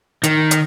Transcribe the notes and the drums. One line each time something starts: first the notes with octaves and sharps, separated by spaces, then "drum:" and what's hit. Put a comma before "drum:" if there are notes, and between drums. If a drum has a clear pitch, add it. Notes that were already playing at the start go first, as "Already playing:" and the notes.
D#3, drum: hi-hat
drum: hi-hat